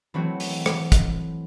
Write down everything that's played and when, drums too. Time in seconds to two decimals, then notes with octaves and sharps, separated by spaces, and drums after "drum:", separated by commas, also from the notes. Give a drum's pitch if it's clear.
0.14 E3 F#3 A3 C4 F#4
0.40 drum: open hi-hat
0.66 drum: rim click
0.92 drum: kick, hi-hat